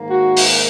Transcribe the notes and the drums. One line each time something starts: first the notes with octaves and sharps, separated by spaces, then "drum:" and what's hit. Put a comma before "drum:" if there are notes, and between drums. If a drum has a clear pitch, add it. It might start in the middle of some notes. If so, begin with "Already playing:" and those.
Already playing: G#2 D#3 A#3
F#4
drum: open hi-hat